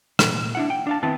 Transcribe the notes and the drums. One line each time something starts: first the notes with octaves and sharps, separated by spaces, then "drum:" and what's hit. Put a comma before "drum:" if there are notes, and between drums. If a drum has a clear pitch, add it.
A#2, drum: rim click
A#2
D4 E4 F#5
G5
D4 F5 A5
D#3 B3 C4 E4 A5